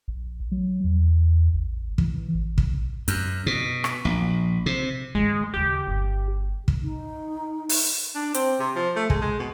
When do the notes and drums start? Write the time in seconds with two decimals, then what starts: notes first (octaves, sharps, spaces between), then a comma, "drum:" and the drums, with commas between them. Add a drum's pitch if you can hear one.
0.08 A#1
0.52 F#3
0.84 E2
1.54 A1
1.98 E3, drum: kick
2.35 A1
2.58 A#1, drum: kick
3.08 F#2, drum: hi-hat
3.46 B2
3.84 drum: rim click
4.05 A#1
4.66 C3
5.15 G#2 D#3 G#3
5.54 D#2 C#3 G4
5.87 G1
6.68 drum: kick
6.83 D#4
7.69 drum: open hi-hat
8.15 D4
8.34 C4, drum: hi-hat
8.60 C3
8.76 F3
8.96 A3
9.10 G#3, drum: kick
9.22 G#3
9.39 B2